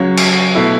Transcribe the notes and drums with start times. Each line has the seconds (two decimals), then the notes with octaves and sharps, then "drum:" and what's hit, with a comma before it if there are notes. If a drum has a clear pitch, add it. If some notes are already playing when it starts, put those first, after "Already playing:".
Already playing: C#2 C#3 F#3 C#5
0.17 drum: cymbal
0.55 B2 A3 E4